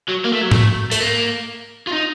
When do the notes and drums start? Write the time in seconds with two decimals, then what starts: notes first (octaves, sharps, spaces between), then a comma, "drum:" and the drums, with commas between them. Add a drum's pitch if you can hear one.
0.08 F#3
0.24 A#3
0.33 A3
0.41 F#3
0.51 A3, drum: tom G#2
0.92 A3, drum: hi-hat
1.00 A#3
1.87 F4
1.92 D#4